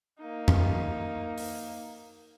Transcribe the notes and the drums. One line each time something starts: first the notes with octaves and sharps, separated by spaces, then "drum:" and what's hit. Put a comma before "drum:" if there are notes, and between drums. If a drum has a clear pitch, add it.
A#3 D#4
drum: tom F2
drum: open hi-hat